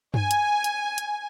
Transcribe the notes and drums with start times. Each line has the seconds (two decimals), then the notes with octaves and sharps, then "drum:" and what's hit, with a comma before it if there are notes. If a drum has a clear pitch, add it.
0.14 G#5, drum: tom G2
0.31 drum: hi-hat
0.64 drum: hi-hat
0.98 drum: hi-hat